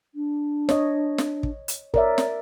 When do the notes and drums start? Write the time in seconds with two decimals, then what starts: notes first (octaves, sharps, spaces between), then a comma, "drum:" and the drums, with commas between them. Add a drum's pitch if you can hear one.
0.15 D4
0.69 C#5 D#5, drum: snare
1.18 drum: snare
1.43 drum: kick
1.68 drum: hi-hat
1.94 A#4 C#5 D5 E5, drum: kick
2.18 drum: snare